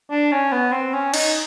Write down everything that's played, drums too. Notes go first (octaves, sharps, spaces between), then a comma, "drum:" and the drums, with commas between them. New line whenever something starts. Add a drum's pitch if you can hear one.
D4
C#4
B3
C4
C#4
D#4, drum: cymbal